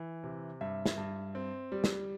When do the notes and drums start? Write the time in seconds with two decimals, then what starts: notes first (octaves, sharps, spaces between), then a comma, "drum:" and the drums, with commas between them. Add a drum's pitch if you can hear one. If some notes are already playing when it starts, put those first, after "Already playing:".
Already playing: E3
0.24 C3
0.61 G2 E5
0.86 drum: snare
0.98 G2
1.35 C4
1.72 G3
1.84 drum: snare